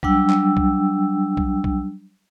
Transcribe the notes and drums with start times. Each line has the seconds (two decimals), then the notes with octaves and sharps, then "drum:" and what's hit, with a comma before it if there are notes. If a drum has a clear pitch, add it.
0.03 F#3 G3 D4 G5 E6, drum: kick B1
0.30 drum: clap
0.57 drum: kick B1
1.37 drum: kick B1
1.64 drum: kick B1